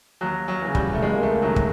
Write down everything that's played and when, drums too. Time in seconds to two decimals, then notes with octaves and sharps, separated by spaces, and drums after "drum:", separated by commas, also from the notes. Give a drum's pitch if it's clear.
0.21 D#2 F#3
0.48 F#3
0.62 E3
0.67 C#3
0.75 G3, drum: kick
0.93 A3
1.02 C#2 G#3
1.14 A#3
1.23 A3
1.42 C3 D#3 F#3
1.56 drum: kick